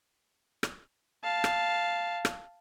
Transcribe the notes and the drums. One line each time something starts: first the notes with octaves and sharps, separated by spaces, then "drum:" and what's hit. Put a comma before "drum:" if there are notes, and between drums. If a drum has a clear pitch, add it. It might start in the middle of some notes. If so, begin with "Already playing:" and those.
drum: rim click
F5 A5
drum: rim click
drum: rim click